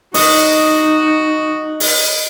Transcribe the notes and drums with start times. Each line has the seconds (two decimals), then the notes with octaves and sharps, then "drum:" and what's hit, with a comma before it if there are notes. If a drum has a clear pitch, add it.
0.14 D#4 F#4 D#5, drum: open hi-hat
1.80 drum: open hi-hat